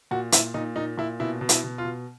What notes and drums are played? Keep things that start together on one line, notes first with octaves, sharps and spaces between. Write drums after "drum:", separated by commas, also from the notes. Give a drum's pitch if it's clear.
A#2 F#4
A#2 E4, drum: hi-hat
A#2 D#4
A#2 D#4
A#2 E4
B2 E4
B2
E4, drum: hi-hat
B2
F4
B2